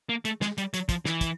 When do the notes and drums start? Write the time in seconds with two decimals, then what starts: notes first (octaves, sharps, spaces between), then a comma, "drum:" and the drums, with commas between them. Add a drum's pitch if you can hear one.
0.09 A#3
0.25 A3, drum: hi-hat
0.41 G#3, drum: snare
0.58 G3, drum: hi-hat
0.74 F#3, drum: hi-hat
0.89 F3, drum: kick, hi-hat
1.05 E3, drum: snare
1.21 drum: kick, hi-hat